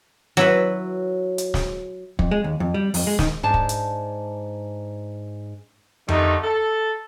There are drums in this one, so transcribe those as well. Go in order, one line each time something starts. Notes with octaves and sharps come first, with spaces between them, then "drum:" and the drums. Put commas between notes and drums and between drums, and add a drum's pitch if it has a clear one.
F#3 E4 B4
drum: hi-hat
drum: snare
F2, drum: kick
G#3
D#2
F2
G3
F2, drum: open hi-hat
G#3
D#3, drum: snare
G#2 D4 A5
drum: kick
drum: hi-hat
D3 D#3 G3 A3 D#4, drum: tom F2
A4